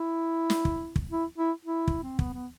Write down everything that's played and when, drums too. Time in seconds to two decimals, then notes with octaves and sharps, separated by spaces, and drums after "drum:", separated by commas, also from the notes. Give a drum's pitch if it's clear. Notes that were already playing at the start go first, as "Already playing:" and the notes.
Already playing: E4
0.50 drum: snare
0.65 drum: kick
0.96 drum: kick
1.12 E4
1.38 E4
1.65 E4
1.88 drum: kick
2.03 C4
2.19 B3, drum: kick
2.33 B3